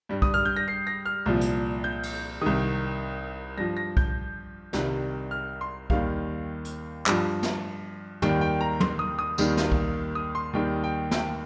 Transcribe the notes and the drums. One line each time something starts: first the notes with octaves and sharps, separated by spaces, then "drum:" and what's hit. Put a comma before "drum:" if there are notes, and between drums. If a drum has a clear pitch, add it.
G2 G3
D#6, drum: kick
F6
G6
A#6
C7
A#6
F6
C2 A#2 F3
drum: hi-hat
G6
drum: cymbal
C2 C3 D#3 D#6
G2 F3 A#6
A#6
G6, drum: kick
C2 C3 D#3 G3, drum: snare
F6
C6
D#2 D#3 G3 F5, drum: kick
drum: hi-hat
G2 F3, drum: clap
drum: snare
D#2 D#3 G3 G5, drum: tom
G5
A#5
C6, drum: tom
D#6
D#6
D#2 D#3 G3, drum: tambourine
drum: snare
drum: kick
D#6
C6
D#2 D#3 G3 G5
G5
G5, drum: snare